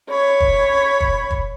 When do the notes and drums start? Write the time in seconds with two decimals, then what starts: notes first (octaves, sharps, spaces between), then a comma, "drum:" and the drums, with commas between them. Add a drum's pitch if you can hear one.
0.10 C#5 B5
0.40 drum: kick
1.00 drum: kick
1.31 drum: kick